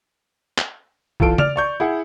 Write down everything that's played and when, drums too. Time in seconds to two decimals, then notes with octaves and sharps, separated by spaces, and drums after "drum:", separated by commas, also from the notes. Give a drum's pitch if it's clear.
0.58 drum: clap
1.20 E2 F4 A4 D7, drum: kick A#1
1.38 D5 F6 F7, drum: tom C#3
1.56 D5 C#6 G6
1.80 E4 G#4 F#5